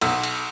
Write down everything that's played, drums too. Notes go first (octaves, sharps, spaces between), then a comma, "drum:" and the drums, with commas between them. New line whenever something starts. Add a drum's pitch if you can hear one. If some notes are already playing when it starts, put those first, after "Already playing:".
B1, drum: cymbal
drum: cymbal